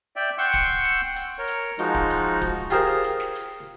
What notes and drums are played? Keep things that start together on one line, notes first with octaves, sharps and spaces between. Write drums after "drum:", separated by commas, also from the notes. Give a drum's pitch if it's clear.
D5 E5 G5
F#5 G5 C6 C#6 E6
drum: kick D1, hi-hat
drum: hi-hat
drum: hi-hat
A#4 C#5
drum: hi-hat
F3 G#3 D#4 F#4, drum: hi-hat
drum: kick D1
drum: hi-hat
drum: kick D1, hi-hat
F4 G4 G#4 A#4 C5, drum: hi-hat
drum: hi-hat
drum: snare
drum: hi-hat